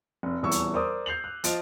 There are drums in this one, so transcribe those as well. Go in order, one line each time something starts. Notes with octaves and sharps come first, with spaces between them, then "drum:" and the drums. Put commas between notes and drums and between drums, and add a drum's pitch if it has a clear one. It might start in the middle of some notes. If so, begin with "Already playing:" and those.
F1
D#1 E2 E3 C#6 E6
drum: hi-hat
A#4 C5 D5 D6 D#6
G6 C7 F7 F#7
F#6
F3 F4 D#5 D7, drum: hi-hat